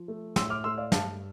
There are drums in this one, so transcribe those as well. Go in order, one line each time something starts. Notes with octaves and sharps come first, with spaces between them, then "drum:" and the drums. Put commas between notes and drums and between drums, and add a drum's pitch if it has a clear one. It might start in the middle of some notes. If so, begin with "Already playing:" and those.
Already playing: F3
A3
A2 C6 E6, drum: snare
D6 F6
A3 C6 E6
D5 F5
G2 F5 A5, drum: snare